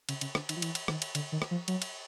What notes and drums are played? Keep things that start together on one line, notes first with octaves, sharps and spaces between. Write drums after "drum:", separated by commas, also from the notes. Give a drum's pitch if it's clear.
C#3, drum: cymbal
C#3, drum: cymbal
D3, drum: rim click
D#3, drum: cymbal
F3
E3, drum: cymbal
drum: cymbal
D#3, drum: rim click
drum: cymbal
D3, drum: cymbal
D#3
drum: rim click
F3
F#3, drum: cymbal
drum: cymbal